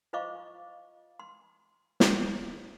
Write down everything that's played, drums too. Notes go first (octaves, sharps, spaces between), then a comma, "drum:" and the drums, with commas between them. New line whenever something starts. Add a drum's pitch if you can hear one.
F4 C5 D#5 F5 C#6 D6
C6
drum: snare